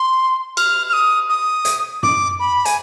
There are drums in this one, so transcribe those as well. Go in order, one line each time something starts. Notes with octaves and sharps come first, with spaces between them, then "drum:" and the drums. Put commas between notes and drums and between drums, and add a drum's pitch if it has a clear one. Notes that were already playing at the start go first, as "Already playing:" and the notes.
Already playing: C6
F6, drum: cymbal
F6
D#6
D#6
drum: hi-hat
D6, drum: tom F#2
B5
G#5, drum: hi-hat